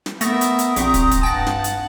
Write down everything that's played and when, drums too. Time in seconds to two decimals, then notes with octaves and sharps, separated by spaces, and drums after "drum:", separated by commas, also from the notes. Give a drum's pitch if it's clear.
0.06 drum: snare
0.21 A3 B3 A#4 E5 D#6 A6 A#6, drum: hi-hat
0.41 drum: hi-hat
0.59 drum: hi-hat
0.76 A#1 C4 G5 A#5 C#6 B6, drum: hi-hat
0.94 drum: kick, hi-hat
1.11 drum: kick, hi-hat
1.23 G2 F#5 G5 A5 A#6
1.47 drum: snare
1.64 drum: hi-hat